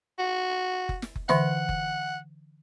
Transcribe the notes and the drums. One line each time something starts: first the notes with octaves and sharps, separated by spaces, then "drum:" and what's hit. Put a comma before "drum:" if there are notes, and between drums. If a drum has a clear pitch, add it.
F#4
drum: kick F#1
drum: snare
drum: kick F#1
D3 E3 E5 F#5, drum: snare
drum: kick F#1